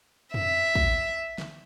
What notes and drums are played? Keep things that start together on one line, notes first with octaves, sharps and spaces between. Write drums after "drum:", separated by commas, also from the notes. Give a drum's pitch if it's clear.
E5, drum: tom F2
drum: kick
drum: snare